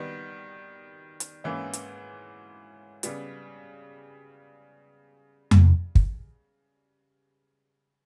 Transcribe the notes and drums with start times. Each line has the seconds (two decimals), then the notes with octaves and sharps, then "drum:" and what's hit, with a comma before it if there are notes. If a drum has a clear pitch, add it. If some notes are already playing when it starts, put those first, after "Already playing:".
Already playing: D#3 G3 B3
1.20 drum: hi-hat
1.44 G#2 E3 A#3 C#4 E4
1.73 drum: hi-hat
3.03 C#3 G3 B3, drum: hi-hat
5.51 drum: tom F2
5.95 drum: kick